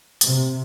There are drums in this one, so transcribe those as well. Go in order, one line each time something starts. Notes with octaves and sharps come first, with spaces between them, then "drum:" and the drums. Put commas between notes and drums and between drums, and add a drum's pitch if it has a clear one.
C3, drum: hi-hat